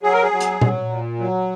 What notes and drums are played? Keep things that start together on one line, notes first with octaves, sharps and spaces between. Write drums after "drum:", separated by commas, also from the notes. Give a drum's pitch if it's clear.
F#3 G#4
A#4
G#4
F#3
drum: hi-hat
F#3, drum: tom A#2
A#2
F#3